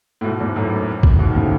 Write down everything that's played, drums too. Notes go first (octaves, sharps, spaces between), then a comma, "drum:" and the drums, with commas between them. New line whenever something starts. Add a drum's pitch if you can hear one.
A2
G#2 B2
E2 G#2
F#2 A2
drum: kick A1
G#2 B2
D#3
A2 C#3